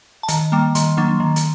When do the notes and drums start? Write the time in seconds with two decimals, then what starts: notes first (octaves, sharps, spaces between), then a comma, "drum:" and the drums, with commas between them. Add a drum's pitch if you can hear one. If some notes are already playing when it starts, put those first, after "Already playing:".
0.23 A5
0.28 D#3 A#5, drum: hi-hat
0.52 G3 A#3
0.75 D#3 C6, drum: hi-hat
0.97 F#3 A#3 D4
1.20 D#3
1.36 drum: hi-hat